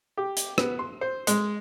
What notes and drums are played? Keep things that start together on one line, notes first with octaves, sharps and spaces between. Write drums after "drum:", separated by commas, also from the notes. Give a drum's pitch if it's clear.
G4
drum: hi-hat
B3, drum: rim click
C6
C5
G#3, drum: hi-hat